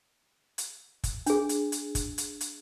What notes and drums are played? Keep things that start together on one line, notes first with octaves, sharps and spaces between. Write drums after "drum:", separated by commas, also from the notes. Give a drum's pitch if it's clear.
drum: hi-hat
drum: kick, hi-hat
D4 G#4, drum: hi-hat
drum: hi-hat
drum: hi-hat
drum: kick, hi-hat
drum: hi-hat
drum: hi-hat